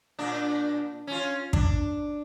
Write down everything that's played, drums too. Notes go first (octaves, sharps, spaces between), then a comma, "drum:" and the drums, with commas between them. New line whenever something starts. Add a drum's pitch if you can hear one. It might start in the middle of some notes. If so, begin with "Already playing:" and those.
A#2 D4
C#4 F4
D4, drum: kick